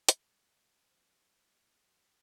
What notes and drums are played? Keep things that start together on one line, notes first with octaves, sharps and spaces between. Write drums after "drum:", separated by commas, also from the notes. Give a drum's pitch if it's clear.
drum: hi-hat
G#3
F3 C4 C5
G3 A#3 E4
F3 A3 F#4